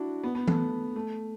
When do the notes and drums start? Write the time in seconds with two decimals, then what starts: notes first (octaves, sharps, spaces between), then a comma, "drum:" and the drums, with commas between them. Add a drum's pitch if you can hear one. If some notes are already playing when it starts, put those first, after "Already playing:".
Already playing: D4 E4 F#4
0.24 B3
0.35 B3
0.48 A3, drum: tom E3
0.96 A3